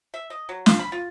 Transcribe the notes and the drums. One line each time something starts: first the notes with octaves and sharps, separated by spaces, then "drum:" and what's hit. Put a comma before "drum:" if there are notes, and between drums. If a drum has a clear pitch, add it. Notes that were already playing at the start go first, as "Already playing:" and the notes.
E5
D#5
F#3
F4, drum: snare
B5
F4